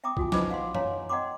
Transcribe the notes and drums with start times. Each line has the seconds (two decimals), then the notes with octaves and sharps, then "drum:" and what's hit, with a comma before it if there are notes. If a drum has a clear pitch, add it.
0.04 E5 G5 A#5 D6 D#6
0.17 F4 F#4 G#5, drum: kick A#1
0.32 D#4 B4 C5 D#5 B5 D6, drum: snare
0.50 F5 F#5 C6
0.75 C#5 F5 G#5 A#5 C6, drum: tom F#2
1.09 D#5 F#5 G5 A#5 C6 D6